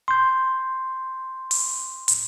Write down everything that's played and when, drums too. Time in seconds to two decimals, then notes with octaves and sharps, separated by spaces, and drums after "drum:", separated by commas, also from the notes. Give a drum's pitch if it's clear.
0.08 C6 G6
1.51 drum: open hi-hat
2.08 drum: hi-hat